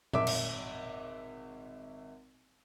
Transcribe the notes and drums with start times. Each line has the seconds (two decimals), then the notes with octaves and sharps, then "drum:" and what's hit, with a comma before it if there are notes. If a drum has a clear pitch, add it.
0.13 G#1 E5 D6, drum: tom A#2
0.27 drum: cymbal